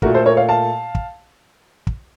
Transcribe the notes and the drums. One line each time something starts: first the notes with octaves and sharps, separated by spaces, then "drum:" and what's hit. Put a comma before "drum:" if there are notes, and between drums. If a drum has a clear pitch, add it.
A#2 A3 F#4 A#4, drum: kick
A4 C5
A#4 C#5
C#5 F5
F5 A5
drum: kick
drum: kick